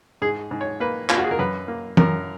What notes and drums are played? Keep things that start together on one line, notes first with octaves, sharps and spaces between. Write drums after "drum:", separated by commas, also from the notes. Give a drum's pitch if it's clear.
G#2 G#4
G#2
C#5
A#3 B4
A#3 F4, drum: clap
F#4
G#4
A#4
F#2 B4
A#3
F#2 A#4, drum: tom E3